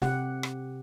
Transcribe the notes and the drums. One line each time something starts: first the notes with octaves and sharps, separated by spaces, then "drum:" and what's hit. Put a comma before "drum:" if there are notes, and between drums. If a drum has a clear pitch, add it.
C3 G4 F#5, drum: snare
drum: rim click